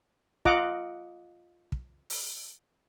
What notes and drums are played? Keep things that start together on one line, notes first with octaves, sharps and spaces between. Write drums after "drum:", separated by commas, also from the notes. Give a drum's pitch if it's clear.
F4 D#5 F#5 A#5 D6, drum: kick
drum: kick
drum: open hi-hat